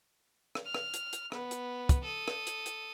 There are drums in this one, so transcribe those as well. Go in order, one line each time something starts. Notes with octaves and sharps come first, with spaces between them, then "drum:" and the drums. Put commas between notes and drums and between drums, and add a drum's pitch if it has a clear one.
drum: rim click
F6
drum: rim click
drum: hi-hat
drum: hi-hat
B3, drum: rim click
drum: hi-hat
drum: kick, hi-hat
A4 D#6
drum: rim click
drum: hi-hat
drum: hi-hat